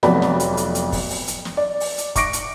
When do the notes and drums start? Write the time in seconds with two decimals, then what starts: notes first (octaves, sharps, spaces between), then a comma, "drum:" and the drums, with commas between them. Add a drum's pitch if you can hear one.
0.03 F1 F2 F#3 B3 D5 B5, drum: snare
0.22 drum: snare
0.40 drum: hi-hat
0.57 drum: hi-hat
0.75 drum: hi-hat
0.92 drum: kick, open hi-hat
1.10 drum: open hi-hat
1.28 drum: hi-hat
1.45 drum: snare
1.57 D5
1.80 drum: open hi-hat
1.98 drum: hi-hat
2.16 C#6 D6 A#6 D7, drum: kick, hi-hat
2.33 drum: hi-hat